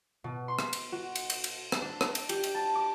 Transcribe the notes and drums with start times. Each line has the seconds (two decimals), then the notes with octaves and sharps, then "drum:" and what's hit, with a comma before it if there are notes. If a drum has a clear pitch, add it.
0.24 B2
0.48 C6
0.59 drum: rim click
0.73 drum: cymbal
0.92 F#4
1.15 drum: cymbal
1.30 drum: cymbal
1.44 drum: cymbal
1.72 drum: rim click
1.82 D4
2.01 drum: rim click
2.15 drum: cymbal
2.29 G4, drum: cymbal
2.43 drum: cymbal
2.55 A5
2.75 D6